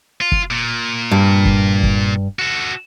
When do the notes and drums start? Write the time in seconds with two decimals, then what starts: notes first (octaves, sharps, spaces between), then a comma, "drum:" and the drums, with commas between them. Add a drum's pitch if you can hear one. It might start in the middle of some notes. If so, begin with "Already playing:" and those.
0.21 F4
0.32 drum: kick
0.51 A#2
1.11 G2
1.45 drum: kick
1.83 drum: kick
2.39 F#4 A4